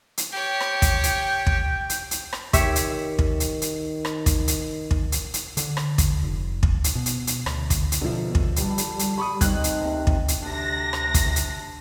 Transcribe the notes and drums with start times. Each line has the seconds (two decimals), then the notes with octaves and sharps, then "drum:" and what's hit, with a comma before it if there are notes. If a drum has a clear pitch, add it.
0.17 drum: hi-hat
0.33 G4 C#5 G5
0.60 drum: rim click
0.82 drum: kick, hi-hat
1.03 drum: hi-hat
1.47 drum: kick
1.90 drum: hi-hat
2.11 drum: hi-hat
2.33 drum: rim click
2.53 D#3 G4 C#5 E5, drum: kick, hi-hat
2.76 drum: hi-hat
3.19 drum: kick
3.40 drum: hi-hat
3.62 drum: hi-hat
4.05 drum: rim click
4.26 drum: kick, hi-hat
4.48 drum: hi-hat
4.91 drum: kick
5.12 drum: hi-hat
5.34 drum: hi-hat
5.57 D3, drum: hi-hat
5.77 drum: rim click
5.98 drum: kick, hi-hat
6.23 F1
6.63 drum: kick
6.84 drum: hi-hat
6.95 B2
7.06 drum: hi-hat
7.27 drum: hi-hat
7.46 D2, drum: rim click
7.70 drum: kick, hi-hat
7.92 drum: hi-hat
8.01 B2 D3 F3 A#4 E5
8.35 drum: kick
8.56 G3 B4 A5, drum: hi-hat
8.78 drum: hi-hat
8.99 drum: hi-hat
9.18 A4 B5 C#6 D#6
9.41 C4 D#4 F#6, drum: kick, hi-hat
9.64 drum: hi-hat
9.81 D2 C3 A#4
10.07 drum: kick
10.28 drum: hi-hat
10.41 D2 C3 D4 A#6
10.93 drum: rim click
11.14 drum: kick, hi-hat
11.36 drum: hi-hat